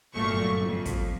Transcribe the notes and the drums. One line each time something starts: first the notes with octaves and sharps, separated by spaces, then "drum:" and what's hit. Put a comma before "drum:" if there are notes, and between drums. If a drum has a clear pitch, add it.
G1 F#2 A#2 A3 C#6
F2
drum: kick, hi-hat